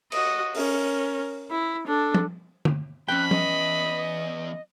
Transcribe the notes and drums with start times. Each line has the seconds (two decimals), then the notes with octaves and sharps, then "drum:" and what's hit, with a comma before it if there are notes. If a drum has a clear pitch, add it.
0.12 F#4 D#5, drum: cymbal
0.55 C#4 A#4, drum: open hi-hat
1.50 E4
1.86 D4 A4
2.14 drum: tom
2.65 drum: tom
3.08 F2 C#4 G5 B5 F#6
3.31 E2 B3 D#5, drum: tom